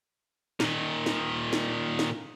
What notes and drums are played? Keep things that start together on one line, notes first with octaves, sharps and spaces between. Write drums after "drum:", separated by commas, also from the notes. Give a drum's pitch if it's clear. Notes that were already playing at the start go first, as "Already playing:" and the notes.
A#2 D#3, drum: snare
drum: snare
drum: snare
drum: snare